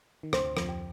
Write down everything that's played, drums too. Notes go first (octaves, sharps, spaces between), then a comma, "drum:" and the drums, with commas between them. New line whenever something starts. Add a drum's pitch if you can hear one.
D#3
D2 D3 C5, drum: rim click
F2 F3, drum: rim click
G5